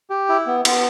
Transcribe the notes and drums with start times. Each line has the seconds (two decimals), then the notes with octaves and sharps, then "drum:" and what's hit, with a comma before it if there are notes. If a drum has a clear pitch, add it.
0.10 G4
0.29 E4
0.46 B3
0.65 B3, drum: cymbal